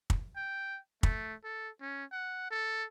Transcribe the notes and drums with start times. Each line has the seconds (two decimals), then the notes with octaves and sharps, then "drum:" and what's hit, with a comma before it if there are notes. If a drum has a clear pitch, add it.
0.10 drum: kick
0.36 G5
1.03 A3, drum: kick
1.44 A4
1.81 C#4
2.12 F#5
2.51 A4